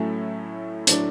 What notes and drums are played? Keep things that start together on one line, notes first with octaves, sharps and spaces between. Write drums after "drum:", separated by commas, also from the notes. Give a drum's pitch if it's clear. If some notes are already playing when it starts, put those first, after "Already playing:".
Already playing: A2 F#3 A3 C#4 E4
A2 F#3 A3 D4, drum: hi-hat